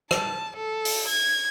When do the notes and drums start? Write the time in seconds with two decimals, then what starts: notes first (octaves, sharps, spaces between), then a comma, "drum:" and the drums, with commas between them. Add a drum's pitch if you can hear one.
0.11 A5, drum: rim click
0.56 A4
0.85 drum: open hi-hat
1.08 G#6